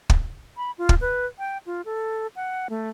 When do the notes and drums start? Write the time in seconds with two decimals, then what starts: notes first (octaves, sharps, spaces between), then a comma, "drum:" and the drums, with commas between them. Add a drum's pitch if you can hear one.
0.10 drum: kick
0.57 B5
0.78 F4
0.89 drum: kick
1.01 B4
1.39 G5
1.66 F4
1.85 A4
2.36 F#5
2.70 A3